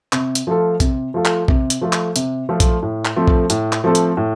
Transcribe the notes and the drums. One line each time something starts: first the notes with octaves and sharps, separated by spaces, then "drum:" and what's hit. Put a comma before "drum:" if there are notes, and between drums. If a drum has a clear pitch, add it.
C3, drum: clap
drum: hi-hat
F3 A3 F4 A4
C3, drum: kick A#1, hi-hat
F3 A3 F4 A4
drum: clap
C3, drum: kick A#1
drum: hi-hat
F3 A3 F4 A4
drum: clap
C3, drum: hi-hat
F3 A3 F4 A4
drum: kick A#1, hi-hat
A2
drum: clap
F3 A3 C4 A4
drum: kick A#1
A2, drum: hi-hat
drum: clap
F3 A3 C4 A4
drum: hi-hat
A2